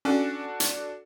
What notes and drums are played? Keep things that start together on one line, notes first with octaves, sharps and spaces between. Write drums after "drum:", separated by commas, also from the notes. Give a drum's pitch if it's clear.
C#4 D4 F#4 A4
drum: hi-hat